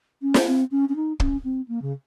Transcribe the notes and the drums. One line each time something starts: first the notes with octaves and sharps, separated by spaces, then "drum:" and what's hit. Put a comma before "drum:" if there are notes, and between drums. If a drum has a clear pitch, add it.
C#4
drum: snare
C4
C#4
C#4
D#4
C#4, drum: kick
C4
A#3
C#3